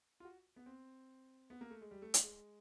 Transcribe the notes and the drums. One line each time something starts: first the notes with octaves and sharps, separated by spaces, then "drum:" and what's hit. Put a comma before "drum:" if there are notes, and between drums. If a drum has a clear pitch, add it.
F4
F#4
B3
C4
B3
A#3
A3
G#3
G3
A3
drum: hi-hat
G#3